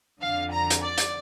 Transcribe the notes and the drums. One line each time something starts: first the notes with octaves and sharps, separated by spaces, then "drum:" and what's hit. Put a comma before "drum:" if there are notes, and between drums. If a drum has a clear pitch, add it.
F2 D3 F5
A#5
drum: hi-hat
D5
drum: hi-hat